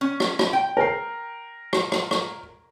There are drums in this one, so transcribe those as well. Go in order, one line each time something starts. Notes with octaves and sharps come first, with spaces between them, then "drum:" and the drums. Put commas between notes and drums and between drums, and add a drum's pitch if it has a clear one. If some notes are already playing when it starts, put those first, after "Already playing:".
C#4
drum: rim click
drum: rim click
G5
A#4 C7
drum: rim click
drum: rim click
drum: rim click